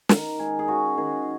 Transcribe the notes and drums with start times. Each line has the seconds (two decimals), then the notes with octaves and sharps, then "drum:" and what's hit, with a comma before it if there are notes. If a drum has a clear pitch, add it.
0.09 D#3 A#4, drum: snare
0.39 G#3 G#4
0.59 G#4
0.68 C#4 F#4
0.97 D#3 G#4